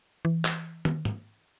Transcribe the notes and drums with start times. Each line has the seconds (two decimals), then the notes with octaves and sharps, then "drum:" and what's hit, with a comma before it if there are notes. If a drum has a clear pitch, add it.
0.25 E3
0.45 drum: clap
0.85 drum: tom
1.05 drum: tom